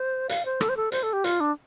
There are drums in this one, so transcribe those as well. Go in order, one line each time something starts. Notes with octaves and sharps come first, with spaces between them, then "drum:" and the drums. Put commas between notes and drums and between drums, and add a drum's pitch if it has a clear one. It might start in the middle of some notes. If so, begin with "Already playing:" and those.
Already playing: C5
F5, drum: hi-hat
C5
A4, drum: rim click
C5
A4
C5, drum: hi-hat
A4
G4
F4, drum: hi-hat
D4